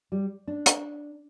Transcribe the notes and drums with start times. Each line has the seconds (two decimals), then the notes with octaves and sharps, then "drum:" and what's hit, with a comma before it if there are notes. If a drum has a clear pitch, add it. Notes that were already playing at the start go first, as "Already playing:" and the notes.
0.12 G3
0.47 D4
0.66 drum: hi-hat